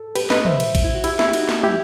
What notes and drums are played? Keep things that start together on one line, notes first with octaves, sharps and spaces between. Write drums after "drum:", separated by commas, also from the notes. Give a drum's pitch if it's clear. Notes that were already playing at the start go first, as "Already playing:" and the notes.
Already playing: A4
G4 B4, drum: cymbal
B4 D#5, drum: snare
C5 E5, drum: tom
drum: cymbal
drum: kick A#1, cymbal
E4
F#4
E4 G4, drum: cymbal
E4, drum: snare
G4
D#4 F#4, drum: cymbal
drum: snare
E4 G4, drum: tom